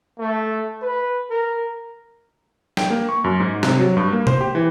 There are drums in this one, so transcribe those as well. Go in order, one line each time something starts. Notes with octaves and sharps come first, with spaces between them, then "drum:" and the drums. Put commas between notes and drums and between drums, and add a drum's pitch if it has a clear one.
A3
B4
A#4
G5, drum: snare
A#3
C#6
F#2
G#2
C3, drum: snare
F#3
G2
A#3
C5, drum: tom B2
G4
E3